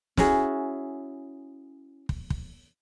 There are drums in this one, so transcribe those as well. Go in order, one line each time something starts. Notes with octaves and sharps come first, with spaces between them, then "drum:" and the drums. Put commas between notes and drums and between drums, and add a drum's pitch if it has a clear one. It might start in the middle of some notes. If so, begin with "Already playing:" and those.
C#4 E4 F#4 G#4, drum: snare
drum: kick
drum: kick